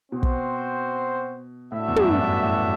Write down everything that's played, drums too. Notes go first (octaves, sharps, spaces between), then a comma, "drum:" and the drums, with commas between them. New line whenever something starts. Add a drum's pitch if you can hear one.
B2 C4 F#4 C5 G5
drum: kick
A2 D4 F#4 A4 E5
E2
F#2, drum: tom
G2
A2
A2